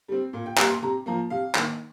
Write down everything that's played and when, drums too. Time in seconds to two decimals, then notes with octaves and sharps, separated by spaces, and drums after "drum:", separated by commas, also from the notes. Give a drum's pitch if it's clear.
0.08 G3 C4
0.33 A#2
0.46 G5
0.58 G3 A#3 A#5, drum: clap
0.70 C6
0.82 C3 A#5
1.06 F3 A#3 A#5
1.30 C3 F5
1.55 D#3 A#3, drum: clap